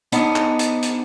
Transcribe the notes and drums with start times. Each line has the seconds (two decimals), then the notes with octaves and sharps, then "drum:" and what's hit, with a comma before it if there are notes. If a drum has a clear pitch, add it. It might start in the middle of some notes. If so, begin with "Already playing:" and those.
0.12 G#2 B3 D4 D#4, drum: hi-hat
0.36 drum: clap
0.59 drum: hi-hat
0.83 drum: hi-hat